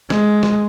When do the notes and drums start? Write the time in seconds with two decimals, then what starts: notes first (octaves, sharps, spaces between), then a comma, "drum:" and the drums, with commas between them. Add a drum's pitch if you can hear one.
0.10 G#3, drum: snare
0.43 drum: snare